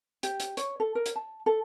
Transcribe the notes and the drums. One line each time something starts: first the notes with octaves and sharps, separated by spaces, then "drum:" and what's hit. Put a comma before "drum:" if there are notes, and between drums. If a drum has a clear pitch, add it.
G4, drum: hi-hat
drum: hi-hat
C#5, drum: hi-hat
A4
A#4
drum: hi-hat
A5
A4